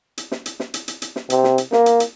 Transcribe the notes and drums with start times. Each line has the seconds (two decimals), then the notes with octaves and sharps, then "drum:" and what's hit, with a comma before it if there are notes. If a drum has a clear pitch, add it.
0.18 drum: hi-hat
0.32 drum: snare
0.46 drum: hi-hat
0.60 drum: snare
0.74 drum: hi-hat
0.88 drum: hi-hat
1.02 drum: hi-hat
1.16 drum: snare
1.30 C3, drum: hi-hat
1.44 drum: snare
1.58 drum: hi-hat
1.72 A#3, drum: snare
1.86 drum: hi-hat
2.00 drum: hi-hat